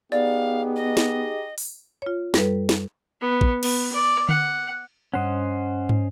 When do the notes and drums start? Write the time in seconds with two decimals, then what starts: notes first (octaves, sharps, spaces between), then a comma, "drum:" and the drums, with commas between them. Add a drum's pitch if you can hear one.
0.12 B3 D#4 G4 G#4 D5 F5
0.76 D#5
0.97 drum: snare
1.58 drum: open hi-hat
2.02 F4 C#5
2.34 F#2 G3 A4 B4, drum: snare
2.69 drum: snare
3.21 B3
3.41 drum: kick
3.63 B3, drum: cymbal
3.93 D5
4.29 F#5, drum: tom D3
5.14 G2 C#4 C5 D#5 F#5
5.89 drum: tom